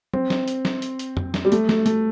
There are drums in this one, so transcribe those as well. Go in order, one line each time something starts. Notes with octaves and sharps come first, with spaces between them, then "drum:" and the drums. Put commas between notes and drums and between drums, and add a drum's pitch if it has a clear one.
C4, drum: tom F#3
drum: snare
drum: hi-hat
drum: snare
drum: hi-hat
drum: hi-hat
drum: tom F2
drum: snare
G3
A3, drum: hi-hat
A3, drum: snare
A3, drum: hi-hat